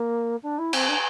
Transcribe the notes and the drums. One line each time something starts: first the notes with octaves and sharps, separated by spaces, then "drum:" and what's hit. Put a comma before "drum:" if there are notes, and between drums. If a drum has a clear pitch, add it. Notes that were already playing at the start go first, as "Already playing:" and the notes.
Already playing: A#3
D4
E4
C4, drum: cymbal
D4